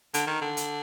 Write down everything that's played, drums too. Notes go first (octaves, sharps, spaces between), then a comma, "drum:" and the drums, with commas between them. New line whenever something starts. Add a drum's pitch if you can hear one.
D3, drum: hi-hat
D#3
D3
drum: hi-hat